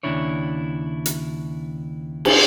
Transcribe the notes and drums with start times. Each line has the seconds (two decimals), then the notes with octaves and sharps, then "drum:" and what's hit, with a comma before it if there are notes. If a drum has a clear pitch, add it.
0.03 D#2 C#3 D4 E4 C#5
1.06 drum: hi-hat
2.25 drum: cymbal